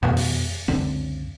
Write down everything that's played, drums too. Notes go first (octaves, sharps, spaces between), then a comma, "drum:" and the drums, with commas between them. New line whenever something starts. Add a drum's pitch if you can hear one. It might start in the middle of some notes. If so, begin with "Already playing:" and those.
B2, drum: tom F2
drum: open hi-hat
C#2 F#2 D3 C4